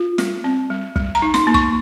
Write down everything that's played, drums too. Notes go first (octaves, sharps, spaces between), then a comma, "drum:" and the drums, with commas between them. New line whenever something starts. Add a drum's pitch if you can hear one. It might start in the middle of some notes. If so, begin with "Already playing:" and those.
Already playing: F4
G3, drum: snare
C4
G3
G3, drum: kick
A#5
D#4
C6, drum: snare
A#3
C#6, drum: kick